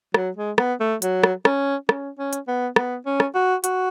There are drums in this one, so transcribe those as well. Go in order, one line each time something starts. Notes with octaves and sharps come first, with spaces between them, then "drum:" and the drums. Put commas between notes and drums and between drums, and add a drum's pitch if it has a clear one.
F#3, drum: rim click
G#3
B3, drum: rim click
A3
F#3, drum: hi-hat
drum: rim click
C#4, drum: rim click
C#4, drum: rim click
C#4
drum: hi-hat
B3
B3, drum: rim click
C#4
drum: rim click
F#4
F#4, drum: hi-hat